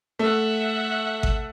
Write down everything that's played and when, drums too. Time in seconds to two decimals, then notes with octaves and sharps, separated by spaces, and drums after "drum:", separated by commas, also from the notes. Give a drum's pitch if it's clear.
0.19 A3 E5 F#5
1.23 drum: kick G#1